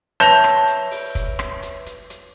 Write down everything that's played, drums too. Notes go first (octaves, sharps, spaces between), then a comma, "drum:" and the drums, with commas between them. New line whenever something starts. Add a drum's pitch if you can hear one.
B4 C#5 E5 A5 G6 A#6 F7, drum: rim click
drum: rim click
drum: hi-hat
drum: open hi-hat
drum: kick, hi-hat
drum: rim click
drum: hi-hat
drum: hi-hat
drum: hi-hat